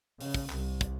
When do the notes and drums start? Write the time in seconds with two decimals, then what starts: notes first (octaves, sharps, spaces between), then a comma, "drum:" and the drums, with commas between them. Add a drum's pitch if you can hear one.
0.21 C#3, drum: open hi-hat
0.34 drum: kick
0.50 C2, drum: clap
0.81 drum: kick, hi-hat